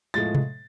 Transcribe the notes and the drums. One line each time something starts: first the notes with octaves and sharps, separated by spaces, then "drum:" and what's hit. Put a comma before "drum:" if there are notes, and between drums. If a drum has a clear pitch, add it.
A2 F3 G#3 A6
drum: tom C3